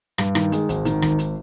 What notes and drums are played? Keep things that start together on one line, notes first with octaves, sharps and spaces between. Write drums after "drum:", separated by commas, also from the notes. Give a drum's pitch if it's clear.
G2, drum: rim click
D#3, drum: rim click
G#3, drum: hi-hat
G#1, drum: hi-hat
D#3, drum: hi-hat
G#1, drum: rim click
drum: hi-hat